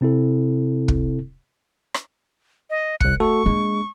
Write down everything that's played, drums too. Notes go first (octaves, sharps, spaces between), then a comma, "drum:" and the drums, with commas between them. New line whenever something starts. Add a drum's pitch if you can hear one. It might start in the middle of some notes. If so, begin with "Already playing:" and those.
C3 C4 E4 A4
drum: kick
drum: rim click
D#5
C2 F#6 C#7, drum: kick
A3 F#4 A4 C#6
G#3 A#3 D4